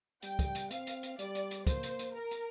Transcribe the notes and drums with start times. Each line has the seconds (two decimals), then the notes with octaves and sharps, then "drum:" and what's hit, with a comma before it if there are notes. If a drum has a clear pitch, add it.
0.22 G3 G5, drum: hi-hat
0.39 drum: kick, hi-hat
0.55 drum: hi-hat
0.71 C4 F5, drum: hi-hat
0.87 drum: hi-hat
1.03 drum: hi-hat
1.19 G3 D5, drum: hi-hat
1.35 drum: hi-hat
1.51 drum: hi-hat
1.67 A#3 C5, drum: kick, hi-hat
1.83 drum: hi-hat
1.99 drum: hi-hat
2.15 A#4
2.31 drum: hi-hat